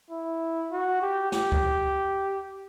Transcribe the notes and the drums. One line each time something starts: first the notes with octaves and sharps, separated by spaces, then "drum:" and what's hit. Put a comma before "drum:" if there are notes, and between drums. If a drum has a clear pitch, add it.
E4
F#4
G4
G4, drum: snare
drum: kick C#2